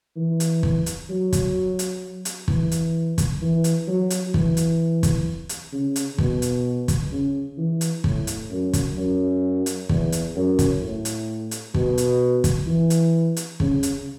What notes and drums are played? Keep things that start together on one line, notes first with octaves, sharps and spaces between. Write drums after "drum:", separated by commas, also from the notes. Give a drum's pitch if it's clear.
E3
drum: hi-hat
drum: kick
drum: hi-hat
F#3
drum: kick, hi-hat
drum: hi-hat
drum: hi-hat
E3, drum: kick
drum: hi-hat
drum: kick, hi-hat
E3
drum: hi-hat
F#3
drum: hi-hat
E3, drum: kick
drum: hi-hat
drum: kick, hi-hat
drum: hi-hat
C#3
drum: hi-hat
B2, drum: kick
drum: hi-hat
drum: kick, hi-hat
C#3
E3
drum: hi-hat
A2, drum: kick
drum: hi-hat
F#2
drum: kick, hi-hat
F#2
drum: hi-hat
E2, drum: kick
drum: hi-hat
F#2
drum: kick, hi-hat
A2
drum: hi-hat
drum: hi-hat
B2, drum: kick
drum: hi-hat
drum: kick, hi-hat
E3
drum: hi-hat
drum: hi-hat
C#3, drum: kick
drum: hi-hat